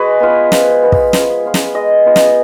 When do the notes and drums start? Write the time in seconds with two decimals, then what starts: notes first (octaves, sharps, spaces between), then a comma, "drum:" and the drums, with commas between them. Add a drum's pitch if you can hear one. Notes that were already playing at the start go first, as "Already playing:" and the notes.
Already playing: G#3 F#4 G#4 B4
0.20 B3 F4
0.52 F3, drum: snare
0.82 B3 F4
0.92 drum: kick
1.13 F3, drum: snare
1.44 B3 F4
1.54 drum: snare
1.74 G#3 D#5
2.05 B3 F4
2.16 drum: snare